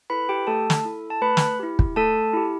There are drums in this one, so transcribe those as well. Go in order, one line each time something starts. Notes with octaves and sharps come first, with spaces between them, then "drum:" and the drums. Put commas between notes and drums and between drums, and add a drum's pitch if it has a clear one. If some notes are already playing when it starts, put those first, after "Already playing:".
E4 A4 B4 B5
G4 G5
A3 A4 A5
drum: snare
E4 A4
A5
A3 B4 B5
drum: snare
E4 G4
drum: kick
A3 A4 A5
E4 G4